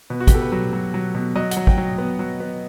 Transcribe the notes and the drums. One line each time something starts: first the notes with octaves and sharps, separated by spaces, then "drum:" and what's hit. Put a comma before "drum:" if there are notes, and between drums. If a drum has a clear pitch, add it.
B2 B4
F#4
G4, drum: kick, hi-hat
B2 A4
B4
F#3
F#3
F#3
B2
F#3 D#5
F#5, drum: hi-hat
F#3
G5, drum: kick
F#3
B3
F#3
B3